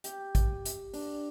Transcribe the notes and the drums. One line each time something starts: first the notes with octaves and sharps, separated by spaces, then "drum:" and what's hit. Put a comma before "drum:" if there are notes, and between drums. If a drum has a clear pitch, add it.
G4, drum: hi-hat
drum: kick, hi-hat
drum: hi-hat
D4, drum: open hi-hat